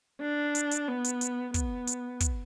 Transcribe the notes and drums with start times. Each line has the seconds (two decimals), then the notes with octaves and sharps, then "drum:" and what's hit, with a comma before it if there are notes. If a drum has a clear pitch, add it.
0.21 D4
0.55 drum: hi-hat
0.71 drum: hi-hat
0.88 B3
1.04 drum: hi-hat
1.21 drum: hi-hat
1.54 B3, drum: kick, hi-hat
1.87 drum: hi-hat
2.20 drum: kick, hi-hat